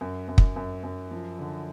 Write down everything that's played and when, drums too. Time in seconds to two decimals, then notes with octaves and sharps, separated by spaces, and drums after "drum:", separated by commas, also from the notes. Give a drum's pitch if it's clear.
0.01 F#2
0.28 F#2
0.38 drum: kick
0.56 F#2
0.84 F#2
1.11 F3
1.39 D3